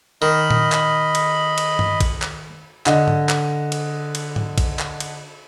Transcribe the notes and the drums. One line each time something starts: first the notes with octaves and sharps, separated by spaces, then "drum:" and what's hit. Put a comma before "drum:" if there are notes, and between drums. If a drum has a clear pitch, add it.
D#3 D#5 B5
drum: tom A#2
drum: clap
drum: cymbal
drum: cymbal
drum: tom G2
drum: kick A1, cymbal
drum: clap
D3 D#5, drum: clap
drum: tom G#2
drum: clap
drum: cymbal
drum: cymbal
drum: tom G#2
drum: kick A1, cymbal
drum: clap
drum: cymbal